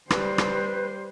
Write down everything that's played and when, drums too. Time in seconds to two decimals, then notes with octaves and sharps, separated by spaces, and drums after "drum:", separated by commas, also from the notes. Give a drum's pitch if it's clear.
0.10 G3 B4 C5, drum: rim click
0.38 drum: rim click